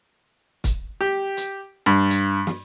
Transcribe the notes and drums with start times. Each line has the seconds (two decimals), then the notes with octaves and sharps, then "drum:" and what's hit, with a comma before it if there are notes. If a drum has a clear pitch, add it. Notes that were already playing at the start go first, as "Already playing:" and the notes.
0.64 drum: kick, hi-hat
1.01 G4
1.37 drum: hi-hat
1.86 G2
2.10 drum: hi-hat
2.47 drum: snare